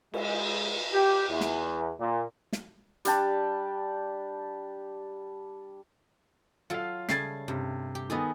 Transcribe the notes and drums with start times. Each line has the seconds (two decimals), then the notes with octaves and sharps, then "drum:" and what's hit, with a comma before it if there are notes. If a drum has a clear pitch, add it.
0.14 G#3, drum: cymbal
0.93 G4
1.29 E2
1.41 drum: snare
1.99 A#2
2.53 drum: snare
3.05 G3 D4 G5 A5, drum: hi-hat
6.70 F#3 F4 A4 F5
7.09 C#3 G3 A3 G#6 A6 C7, drum: snare
7.48 G2 C3
7.95 G4
8.10 D#3 B3 G#4 A4 D#5